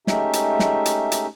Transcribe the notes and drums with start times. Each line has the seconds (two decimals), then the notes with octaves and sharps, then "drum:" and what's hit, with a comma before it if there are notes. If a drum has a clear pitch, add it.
0.07 G#3 A3 C#4 D#4 G4 E5, drum: snare
0.33 drum: hi-hat
0.59 drum: snare
0.85 drum: hi-hat
1.12 drum: hi-hat